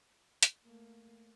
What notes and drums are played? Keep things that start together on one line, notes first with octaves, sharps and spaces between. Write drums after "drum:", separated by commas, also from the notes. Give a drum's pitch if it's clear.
drum: hi-hat
A3 A#3